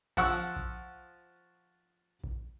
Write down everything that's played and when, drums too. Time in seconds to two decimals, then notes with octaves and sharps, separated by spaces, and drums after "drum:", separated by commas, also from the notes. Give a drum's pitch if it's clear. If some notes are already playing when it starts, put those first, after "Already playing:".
0.17 F3 F#5 C#6 E6, drum: kick A#1
0.56 drum: kick A#1
2.24 drum: kick A#1